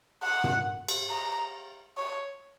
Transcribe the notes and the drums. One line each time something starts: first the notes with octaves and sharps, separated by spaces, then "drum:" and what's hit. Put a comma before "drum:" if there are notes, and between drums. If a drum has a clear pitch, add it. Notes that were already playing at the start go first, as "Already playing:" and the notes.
F#5
drum: tom
drum: cymbal
A#5
C#5